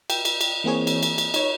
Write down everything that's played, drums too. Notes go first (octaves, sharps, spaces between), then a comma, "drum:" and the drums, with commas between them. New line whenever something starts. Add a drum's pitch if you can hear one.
G5, drum: cymbal
drum: cymbal
drum: cymbal
E3 A#3 C4 G#4 C#5
drum: cymbal
drum: cymbal
drum: cymbal
D#4 C#5, drum: cymbal